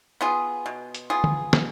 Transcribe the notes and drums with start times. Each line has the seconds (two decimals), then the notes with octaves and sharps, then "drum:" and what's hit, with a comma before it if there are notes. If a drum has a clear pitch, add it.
0.21 B3 F4 G#4
0.66 B2
0.94 drum: hi-hat
1.10 B3 F4 G#4
1.24 drum: tom D3
1.53 B2, drum: snare